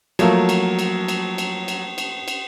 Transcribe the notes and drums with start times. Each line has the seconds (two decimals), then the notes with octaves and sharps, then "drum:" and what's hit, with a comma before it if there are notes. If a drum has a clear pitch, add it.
0.19 F3 F#3 A3 A#3, drum: cymbal
0.49 drum: cymbal
0.79 drum: cymbal
1.08 drum: cymbal
1.38 drum: cymbal
1.68 drum: cymbal
1.98 drum: cymbal
2.28 drum: cymbal